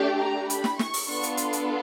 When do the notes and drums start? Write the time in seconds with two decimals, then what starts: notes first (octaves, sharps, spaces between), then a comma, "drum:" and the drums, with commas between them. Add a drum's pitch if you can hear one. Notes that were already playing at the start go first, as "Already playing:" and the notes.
Already playing: A3 D4 G4
0.20 A#5
0.50 B5, drum: hi-hat
0.64 drum: snare
0.79 C#6, drum: snare
0.94 drum: open hi-hat
1.08 B3 D4 F4 A4 C#6
1.23 drum: hi-hat
1.37 C6, drum: hi-hat
1.53 drum: hi-hat